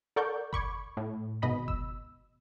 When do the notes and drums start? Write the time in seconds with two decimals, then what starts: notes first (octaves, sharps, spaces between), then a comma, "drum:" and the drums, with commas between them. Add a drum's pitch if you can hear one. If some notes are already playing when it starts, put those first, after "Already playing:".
0.16 A4 A#4 D5 F#5 C#6 G6
0.53 B5 C#6 D6 G#6, drum: kick F#1
0.97 A2
1.42 G#1 B2 D#5 B5 B6
1.68 E6, drum: kick F#1